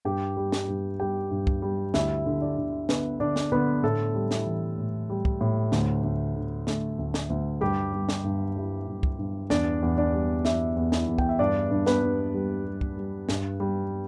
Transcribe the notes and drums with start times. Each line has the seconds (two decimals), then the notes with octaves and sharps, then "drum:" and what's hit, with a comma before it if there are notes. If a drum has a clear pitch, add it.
0.05 G2 G4 G5
0.37 G3
0.52 drum: snare
0.68 G2
1.00 G3 G4 G5
1.31 G2
1.47 drum: kick
1.62 G3
1.94 D2 E4 E5, drum: snare
2.26 D3
2.41 D4 D5
2.58 D3
2.89 D3 B3 B4, drum: snare
3.20 D3 D4 D5
3.36 drum: snare
3.52 D3 B3 B4
3.83 A2 A3 A4
4.15 G3
4.31 E4, drum: snare
4.46 E3
4.78 A2
5.10 G3
5.25 drum: kick
5.41 A2
5.72 D2, drum: snare
6.04 D2
6.36 D3
6.67 D2 A3 A4, drum: snare
6.99 D2
7.14 drum: snare
7.30 D2
7.61 G2 G3 G4
7.93 G3
8.09 drum: snare
8.24 G2
8.56 G3 E4
8.87 G2
9.03 drum: kick
9.18 G2
9.50 E2 D4 D5, drum: snare
9.82 E2
9.98 D4 D5
10.13 G3
10.45 E2 E4 E5, drum: snare
10.76 E2
10.92 E4 E5, drum: snare
11.08 E2
11.18 G5, drum: kick
11.29 E5
11.39 G2 D4 D5
11.71 G2
11.86 B3 B4, drum: snare
12.02 G2
12.34 G3
12.65 G3
12.81 drum: kick
12.97 G3
13.29 G2, drum: snare
13.60 G3